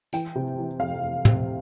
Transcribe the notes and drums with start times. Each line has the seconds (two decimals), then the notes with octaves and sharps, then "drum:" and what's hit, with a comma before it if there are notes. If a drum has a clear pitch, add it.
0.13 E3 G5, drum: tambourine
0.36 C3
0.58 E3
0.79 F2 F5
1.02 F2
1.25 C3, drum: tom